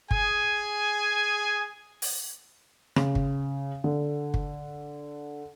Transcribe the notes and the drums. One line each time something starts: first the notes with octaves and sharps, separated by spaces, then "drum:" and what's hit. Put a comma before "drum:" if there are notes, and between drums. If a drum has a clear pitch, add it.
G#4 G#5, drum: kick
drum: open hi-hat
C#3, drum: rim click
drum: kick
D3
drum: kick